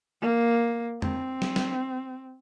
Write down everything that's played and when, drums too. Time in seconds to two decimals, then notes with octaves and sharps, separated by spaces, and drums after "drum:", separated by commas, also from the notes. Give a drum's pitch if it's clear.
0.22 A#3
1.02 C4, drum: tom
1.42 drum: snare
1.56 drum: snare